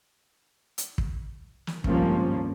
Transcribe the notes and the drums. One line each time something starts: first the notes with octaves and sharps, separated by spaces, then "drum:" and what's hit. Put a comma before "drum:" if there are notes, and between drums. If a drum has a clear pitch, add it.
drum: hi-hat
drum: kick
drum: snare
G#1 C#2 G2 F3 A#3 C#4, drum: kick